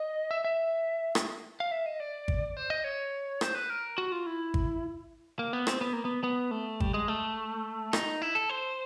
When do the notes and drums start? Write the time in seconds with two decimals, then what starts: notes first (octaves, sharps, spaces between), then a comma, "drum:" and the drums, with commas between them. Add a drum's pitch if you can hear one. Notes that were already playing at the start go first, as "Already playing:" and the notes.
Already playing: D#5
0.31 E5
0.45 E5
1.15 drum: rim click
1.60 F5
1.71 E5
1.86 D#5
2.00 D5
2.28 drum: kick G#1
2.57 C5
2.70 D#5
2.84 C#5
3.41 C5, drum: rim click
3.55 B4
3.70 A#4
3.98 F#4
4.12 F4
4.26 E4
4.54 drum: kick G#1
5.39 A#3
5.53 B3
5.67 C4, drum: rim click
5.81 B3
5.93 A#3
6.05 B3
6.24 B3
6.51 A3
6.80 G3, drum: kick G#1
6.94 G#3
7.08 A3
7.93 D#4, drum: rim click
8.22 E4
8.35 A4
8.49 C5